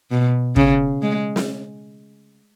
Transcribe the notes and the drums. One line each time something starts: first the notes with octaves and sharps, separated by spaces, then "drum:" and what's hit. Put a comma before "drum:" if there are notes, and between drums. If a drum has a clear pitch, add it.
B2
C#3, drum: kick
G#3
drum: snare